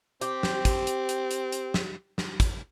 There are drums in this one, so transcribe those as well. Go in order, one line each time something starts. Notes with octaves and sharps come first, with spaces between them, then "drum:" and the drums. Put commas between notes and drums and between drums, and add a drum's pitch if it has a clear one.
C4 G4, drum: hi-hat
drum: snare
drum: kick, hi-hat
drum: hi-hat
drum: hi-hat
drum: hi-hat
drum: hi-hat
drum: snare
drum: snare
drum: kick, hi-hat